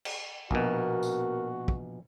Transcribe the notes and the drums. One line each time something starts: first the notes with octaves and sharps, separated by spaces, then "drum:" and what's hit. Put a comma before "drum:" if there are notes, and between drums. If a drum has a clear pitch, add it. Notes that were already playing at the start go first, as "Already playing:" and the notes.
drum: cymbal
A#1 B2 F#4 A#4, drum: kick
drum: tambourine
drum: kick